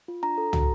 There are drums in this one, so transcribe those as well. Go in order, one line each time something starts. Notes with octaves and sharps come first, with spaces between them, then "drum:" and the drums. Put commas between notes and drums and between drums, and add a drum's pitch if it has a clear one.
F4
D4 A#5
A4
F#4, drum: tom